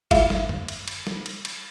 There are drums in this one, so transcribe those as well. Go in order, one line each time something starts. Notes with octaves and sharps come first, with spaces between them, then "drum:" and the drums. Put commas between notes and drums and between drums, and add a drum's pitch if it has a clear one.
G#3 E4 F4, drum: kick G1, cymbal
drum: snare
drum: tom F#2
drum: cymbal
drum: cymbal
drum: snare
drum: cymbal
drum: cymbal